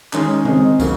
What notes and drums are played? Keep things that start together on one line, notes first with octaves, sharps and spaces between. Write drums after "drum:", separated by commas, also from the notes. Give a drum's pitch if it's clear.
D#3 G#3 C#4 D#4 G#4, drum: clap
D#3 G#3 C4 D#4 G#4, drum: tom B2
C#3 F#3 A#3, drum: kick, tambourine